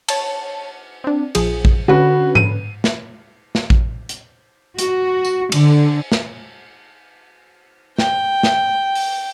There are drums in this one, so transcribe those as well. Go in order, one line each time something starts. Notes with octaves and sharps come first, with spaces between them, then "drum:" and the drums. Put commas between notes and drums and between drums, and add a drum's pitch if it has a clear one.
C#5 A5, drum: cymbal
C4 D4
A#1 F3 G#4, drum: cymbal
drum: kick A1
D3 C#4 F#4 B4
D#7, drum: tom G#2
drum: snare
drum: snare
drum: kick A1
drum: hi-hat
F#4, drum: hi-hat
drum: tambourine
D3, drum: cymbal
drum: snare
G5, drum: snare
drum: snare
drum: open hi-hat